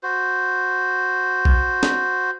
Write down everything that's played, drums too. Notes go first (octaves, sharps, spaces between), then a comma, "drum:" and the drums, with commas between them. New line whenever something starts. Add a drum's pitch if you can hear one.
F#4 C5
drum: kick
drum: snare